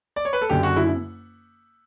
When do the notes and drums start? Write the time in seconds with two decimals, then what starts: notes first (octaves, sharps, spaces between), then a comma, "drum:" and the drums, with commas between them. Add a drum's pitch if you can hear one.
0.16 D5
0.25 C#5
0.33 B4
0.42 A4
0.50 F#1 F#2 D3 G4
0.63 F#4
0.76 E4, drum: tom